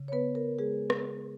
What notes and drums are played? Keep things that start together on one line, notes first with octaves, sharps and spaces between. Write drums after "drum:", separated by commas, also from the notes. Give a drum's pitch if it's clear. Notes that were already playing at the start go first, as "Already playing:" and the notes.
Already playing: C#3
C#5
B3 B4
A#4
G#3 G#4
drum: rim click